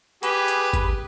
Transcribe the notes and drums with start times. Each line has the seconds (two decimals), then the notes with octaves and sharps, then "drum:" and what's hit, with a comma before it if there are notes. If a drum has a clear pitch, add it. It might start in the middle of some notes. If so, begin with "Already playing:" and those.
0.23 G4 G#4 B4, drum: hi-hat
0.48 drum: hi-hat
0.73 drum: kick G#1, hi-hat